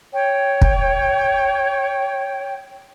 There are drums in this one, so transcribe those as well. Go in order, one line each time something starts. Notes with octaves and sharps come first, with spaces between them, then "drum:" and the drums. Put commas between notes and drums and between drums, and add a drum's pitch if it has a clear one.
C#5 G5
drum: kick